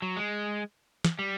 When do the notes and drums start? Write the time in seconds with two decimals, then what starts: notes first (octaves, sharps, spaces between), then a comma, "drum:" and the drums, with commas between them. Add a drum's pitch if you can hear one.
0.02 F#3
0.17 G#3
1.04 drum: snare
1.19 G3